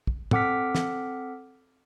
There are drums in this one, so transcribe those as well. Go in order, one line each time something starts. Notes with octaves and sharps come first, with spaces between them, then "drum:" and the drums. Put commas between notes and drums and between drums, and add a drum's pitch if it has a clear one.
drum: kick
C4 A4 F#5 D6 F6 B6, drum: tom
drum: snare